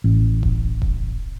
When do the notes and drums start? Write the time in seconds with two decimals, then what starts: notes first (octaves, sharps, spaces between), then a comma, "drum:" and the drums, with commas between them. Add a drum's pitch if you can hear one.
0.04 A1
0.43 drum: kick D#1
0.82 drum: kick D#1